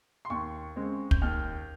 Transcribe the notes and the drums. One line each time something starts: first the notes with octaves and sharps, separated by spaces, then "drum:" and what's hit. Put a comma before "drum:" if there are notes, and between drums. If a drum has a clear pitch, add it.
C6
D#2 C#6
C#3 G#3 C4
G6, drum: kick
D#2 F6